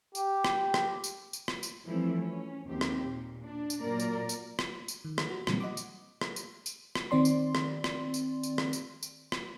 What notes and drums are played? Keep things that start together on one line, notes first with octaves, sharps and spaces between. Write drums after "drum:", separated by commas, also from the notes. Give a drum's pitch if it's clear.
G4, drum: tambourine
drum: rim click
drum: rim click
drum: tambourine
drum: tambourine
drum: rim click
drum: tambourine
E3 F3 G3 A3 C4 E4
C#4
D#2 C4 G4
drum: rim click
A#2
D4
drum: tambourine
A#2 F#3 A#3 A#4 D5
drum: tambourine
drum: tambourine
drum: rim click
drum: tambourine
D#3
drum: rim click
F#4
A#2 D3 E3 F#3 G3 C4, drum: rim click
D#5 F#5 D6
drum: tambourine
drum: rim click
drum: tambourine
drum: tambourine
drum: rim click
D#3 C4 D5 C6
drum: tambourine
drum: rim click
drum: rim click
drum: tambourine
drum: tambourine
drum: rim click
drum: tambourine
drum: tambourine
drum: rim click